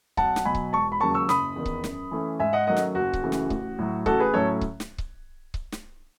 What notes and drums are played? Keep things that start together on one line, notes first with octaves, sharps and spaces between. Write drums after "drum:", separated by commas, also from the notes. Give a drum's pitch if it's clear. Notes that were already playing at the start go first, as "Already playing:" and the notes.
B1 F#5 A5, drum: kick C#1
drum: snare
B2 F#3 G#5 B5
drum: kick C#1
E1 A5 C#6
B5
D#2 C#3 F#3 A5 C#6
C#6 E6
F#1 B5 D#6, drum: snare
E2 D#3
drum: kick C#1
F#2, drum: snare
E3 A3 C#4
G#2 E5 G#5
D#5 F#5
D#3 F#3 A3 C#4 D#5 F#5
drum: snare
F#1 F#4
drum: kick C#1
F#2 C#3 E3 A3
drum: snare
A1, drum: kick C#1
A2 F#3
A1 F#4 A4, drum: kick C#1
G#4 B4
A2 F#3 A3 C#4 A4 C#5
drum: kick C#1
drum: snare
drum: kick C#1
drum: kick C#1
drum: snare